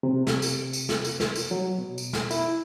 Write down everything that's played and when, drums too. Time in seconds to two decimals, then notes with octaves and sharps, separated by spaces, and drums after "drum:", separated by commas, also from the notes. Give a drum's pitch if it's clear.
0.03 C3
0.27 drum: snare
0.42 drum: tambourine
0.73 drum: tambourine
0.89 drum: snare
1.04 drum: tambourine
1.20 drum: snare
1.36 drum: tambourine
1.51 F#3
1.78 B2
1.98 drum: tambourine
2.13 drum: snare
2.31 E4, drum: tambourine